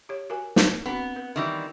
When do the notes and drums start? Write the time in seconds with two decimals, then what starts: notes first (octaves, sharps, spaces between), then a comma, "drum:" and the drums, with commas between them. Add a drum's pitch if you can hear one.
0.09 G4 C#5
0.30 F#4 A#4 G#5
0.56 drum: snare
0.86 B3 C4 D4 F#4
1.16 B4
1.36 D#3 E3 G3